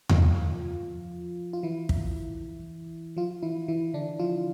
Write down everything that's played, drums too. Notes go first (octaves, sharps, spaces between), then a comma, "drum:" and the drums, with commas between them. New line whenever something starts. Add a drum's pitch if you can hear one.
F3 F4, drum: tom E2
F4
E3 E4
drum: kick
F3 F4
E3 E4
E3 E4
D3 D4
F3 F4